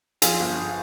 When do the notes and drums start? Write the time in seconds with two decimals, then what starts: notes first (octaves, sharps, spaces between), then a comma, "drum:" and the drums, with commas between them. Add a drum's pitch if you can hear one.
0.22 F3 F4 G#4, drum: hi-hat
0.40 G1